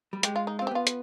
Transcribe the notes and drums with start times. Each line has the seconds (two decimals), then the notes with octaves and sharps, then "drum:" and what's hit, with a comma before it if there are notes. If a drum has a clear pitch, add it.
0.13 G3
0.23 G#3 G4, drum: hi-hat
0.36 F4
0.47 D#4
0.59 F4
0.62 C4
0.67 G4
0.71 B3 F4
0.87 drum: hi-hat